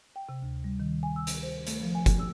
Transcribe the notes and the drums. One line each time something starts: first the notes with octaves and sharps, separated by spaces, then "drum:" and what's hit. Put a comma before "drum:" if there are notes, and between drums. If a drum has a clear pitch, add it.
G5
C3
D2
G3
D#3
G#5
E6
drum: hi-hat
C5
A3, drum: hi-hat
F3
G#5
drum: kick F#1, hi-hat
E6